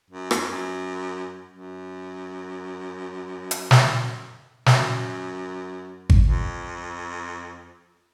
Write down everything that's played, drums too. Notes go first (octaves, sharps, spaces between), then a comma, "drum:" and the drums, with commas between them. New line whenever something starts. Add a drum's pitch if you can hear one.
F#2
F2, drum: rim click
F#2
F#2
drum: hi-hat
drum: snare
F#2, drum: snare
drum: kick G#1
F2